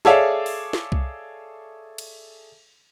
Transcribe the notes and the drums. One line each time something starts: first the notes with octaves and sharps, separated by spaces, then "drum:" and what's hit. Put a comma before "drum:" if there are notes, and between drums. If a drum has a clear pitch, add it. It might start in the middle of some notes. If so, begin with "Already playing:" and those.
G#4 A4 C#5 D5 E5 F5, drum: snare
drum: open hi-hat
drum: snare
drum: kick C2
drum: cymbal